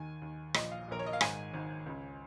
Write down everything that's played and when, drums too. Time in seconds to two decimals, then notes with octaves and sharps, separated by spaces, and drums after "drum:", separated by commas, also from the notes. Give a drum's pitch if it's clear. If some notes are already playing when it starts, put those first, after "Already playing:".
Already playing: D#2 D#3 G#5
0.22 D#2 D#3
0.54 A#1 A#2 D#5, drum: rim click
0.71 F5
0.88 A#1 A#2 A#4
0.99 C#5
1.06 D#5
1.13 F5
1.21 G#1 G#2 D#3 G#5, drum: rim click
1.54 G#1 G#2 D#3
1.86 C#2 C#3